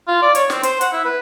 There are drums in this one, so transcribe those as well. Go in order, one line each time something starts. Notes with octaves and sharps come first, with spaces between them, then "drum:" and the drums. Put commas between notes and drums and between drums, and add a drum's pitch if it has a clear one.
F4
D5
C#5, drum: hi-hat
C4, drum: snare
C5, drum: hi-hat
F#5, drum: hi-hat
E4
B4